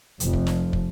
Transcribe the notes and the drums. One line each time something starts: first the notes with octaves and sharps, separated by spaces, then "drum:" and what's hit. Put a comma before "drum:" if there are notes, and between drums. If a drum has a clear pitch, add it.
F1 F2, drum: hi-hat
drum: kick
drum: snare
drum: kick